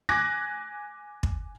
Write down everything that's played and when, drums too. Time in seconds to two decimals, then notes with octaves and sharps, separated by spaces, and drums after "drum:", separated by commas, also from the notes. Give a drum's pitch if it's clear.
0.09 G#5 D6 F#6 G#6 A#6
1.23 drum: kick